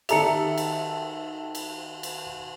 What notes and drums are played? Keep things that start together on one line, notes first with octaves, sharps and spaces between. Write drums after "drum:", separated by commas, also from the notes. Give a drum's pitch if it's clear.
D#3 G4 A4 E5 A#5 C#7, drum: cymbal
drum: cymbal
drum: cymbal
drum: cymbal